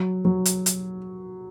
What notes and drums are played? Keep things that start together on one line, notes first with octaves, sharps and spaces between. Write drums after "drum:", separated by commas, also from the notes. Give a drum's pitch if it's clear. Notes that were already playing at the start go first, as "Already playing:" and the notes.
Already playing: F#3
F#3
drum: hi-hat
drum: hi-hat